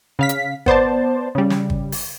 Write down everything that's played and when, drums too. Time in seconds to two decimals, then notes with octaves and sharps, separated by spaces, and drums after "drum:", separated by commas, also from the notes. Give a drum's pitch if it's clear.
0.19 C#3 F5 B6
0.29 drum: hi-hat
0.66 B3 C5 D5 A5, drum: kick
1.35 C#3 G3
1.50 drum: snare
1.70 drum: kick
1.92 drum: open hi-hat